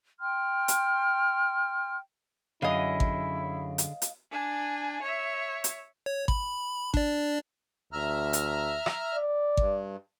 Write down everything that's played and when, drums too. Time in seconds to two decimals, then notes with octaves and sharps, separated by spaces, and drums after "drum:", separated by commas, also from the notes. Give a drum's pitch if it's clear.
0.20 G5 C6 F6
0.68 drum: hi-hat
2.62 F#2 D3 E4 G#4 D#5 F5
3.00 drum: kick G#1
3.78 drum: hi-hat
4.02 drum: hi-hat
4.31 D4 G#5
5.02 C#5 E5
5.64 drum: hi-hat
6.06 C#5
6.28 B5, drum: kick G#1
6.94 D4 D5, drum: kick G#1
7.93 D2 E5 A#5 F6
8.33 drum: hi-hat
8.86 drum: rim click
9.14 D5
9.57 G2, drum: kick G#1